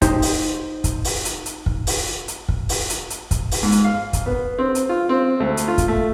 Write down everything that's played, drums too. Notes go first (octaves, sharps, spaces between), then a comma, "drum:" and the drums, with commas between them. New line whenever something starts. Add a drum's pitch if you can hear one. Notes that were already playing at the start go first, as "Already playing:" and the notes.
D#4 G4 C5, drum: kick, hi-hat
drum: open hi-hat
drum: kick, hi-hat
drum: open hi-hat
drum: hi-hat
drum: hi-hat
drum: kick
drum: open hi-hat
drum: hi-hat
drum: kick
drum: open hi-hat
drum: hi-hat
drum: hi-hat
drum: kick, hi-hat
drum: open hi-hat
G#2
drum: hi-hat
F5
drum: kick, hi-hat
B3
C4
drum: hi-hat
F4
C4
D2
drum: hi-hat
F4
drum: kick, hi-hat
A3